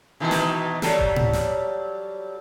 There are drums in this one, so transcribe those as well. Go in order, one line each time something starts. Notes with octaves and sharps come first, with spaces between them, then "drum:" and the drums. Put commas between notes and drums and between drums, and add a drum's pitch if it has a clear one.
B2 D#3 E3
drum: snare
F#3 G3 A4, drum: snare
drum: kick E1
drum: tom A2
drum: snare